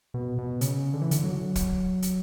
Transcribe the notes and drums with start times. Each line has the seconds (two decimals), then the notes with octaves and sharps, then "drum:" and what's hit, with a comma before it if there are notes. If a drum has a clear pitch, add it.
0.14 B2
0.38 B2
0.61 C#3, drum: hi-hat
0.94 D3
1.02 E3
1.11 D3, drum: hi-hat
1.24 F#3
1.56 drum: kick, hi-hat
2.02 drum: hi-hat